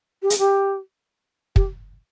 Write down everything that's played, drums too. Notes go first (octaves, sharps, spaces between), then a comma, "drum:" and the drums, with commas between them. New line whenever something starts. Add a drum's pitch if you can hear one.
G4
G#4, drum: hi-hat
G4
G4, drum: kick